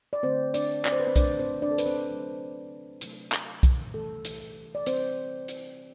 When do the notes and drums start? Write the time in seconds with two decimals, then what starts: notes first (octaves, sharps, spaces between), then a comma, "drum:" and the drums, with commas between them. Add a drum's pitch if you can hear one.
0.13 D5
0.23 D3 A3 C4 C5
0.54 D4 D5, drum: hi-hat
0.85 D5, drum: clap
0.92 C5
1.00 B4
1.07 C4 C5
1.16 D3 A3 D4 D5, drum: kick B1, hi-hat
1.39 C4 C5
1.62 D4 D5
1.71 A4
1.78 B4, drum: hi-hat
1.86 C4 C5
2.09 C3 F#3 A3
3.01 C3 F#3 A3, drum: hi-hat
3.32 drum: clap
3.63 drum: kick B1, hi-hat
3.94 C3 E3 G3 A3 A4
4.25 drum: hi-hat
4.75 D5
4.86 C3 E3 G3 C4 C5, drum: hi-hat
5.48 drum: hi-hat